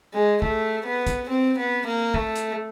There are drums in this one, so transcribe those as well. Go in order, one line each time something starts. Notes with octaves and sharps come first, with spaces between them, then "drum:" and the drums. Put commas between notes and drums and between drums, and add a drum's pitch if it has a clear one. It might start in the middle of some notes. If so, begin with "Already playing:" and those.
G#3
A3, drum: kick
B3
drum: kick, hi-hat
C4
B3
A#3
A3, drum: kick
drum: hi-hat